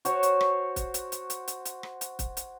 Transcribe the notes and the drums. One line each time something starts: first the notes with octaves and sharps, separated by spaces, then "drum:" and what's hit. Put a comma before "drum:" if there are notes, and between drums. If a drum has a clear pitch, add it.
F#4 C5 C#5, drum: hi-hat
drum: hi-hat
drum: rim click
drum: kick, hi-hat
drum: hi-hat
drum: hi-hat
drum: hi-hat
drum: hi-hat
drum: hi-hat
drum: rim click
drum: hi-hat
drum: kick, hi-hat
drum: hi-hat